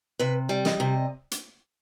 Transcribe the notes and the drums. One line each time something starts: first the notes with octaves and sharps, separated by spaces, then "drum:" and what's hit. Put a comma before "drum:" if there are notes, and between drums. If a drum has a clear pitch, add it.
C3 B4
G3
D#5, drum: snare
C3
drum: hi-hat